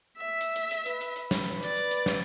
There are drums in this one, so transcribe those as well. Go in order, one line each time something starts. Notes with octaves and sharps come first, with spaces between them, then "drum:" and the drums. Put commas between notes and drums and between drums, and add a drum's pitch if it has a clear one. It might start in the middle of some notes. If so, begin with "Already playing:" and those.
E5
drum: hi-hat
drum: hi-hat
drum: hi-hat
B4, drum: hi-hat
drum: hi-hat
drum: hi-hat
drum: snare
drum: hi-hat
D5, drum: hi-hat
drum: hi-hat
drum: hi-hat
drum: snare